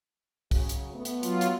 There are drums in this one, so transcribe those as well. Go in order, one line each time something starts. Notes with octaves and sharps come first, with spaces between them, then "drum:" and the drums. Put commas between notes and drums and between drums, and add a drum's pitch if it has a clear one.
C#3 F#3, drum: kick B1, open hi-hat
drum: hi-hat
A3 B3
drum: hi-hat
F#3 F4, drum: hi-hat
drum: hi-hat